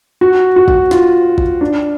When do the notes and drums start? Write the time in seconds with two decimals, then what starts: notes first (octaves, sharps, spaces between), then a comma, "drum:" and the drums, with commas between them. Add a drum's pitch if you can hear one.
0.21 F#4
0.56 F#4
0.68 drum: kick
0.91 F4, drum: snare
1.38 drum: kick
1.61 D4